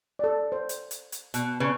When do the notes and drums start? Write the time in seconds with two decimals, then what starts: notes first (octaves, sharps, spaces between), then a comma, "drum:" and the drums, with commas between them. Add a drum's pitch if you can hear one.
0.19 A4 D5
0.52 C5
0.69 drum: hi-hat
0.91 drum: hi-hat
1.12 drum: hi-hat
1.34 B2, drum: hi-hat
1.60 C#3 B4 C#6